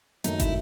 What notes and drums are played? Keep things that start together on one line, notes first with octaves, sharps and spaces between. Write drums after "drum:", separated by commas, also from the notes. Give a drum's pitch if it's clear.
F#2 D#3 F#3 A3 D#4, drum: hi-hat
E4, drum: kick, hi-hat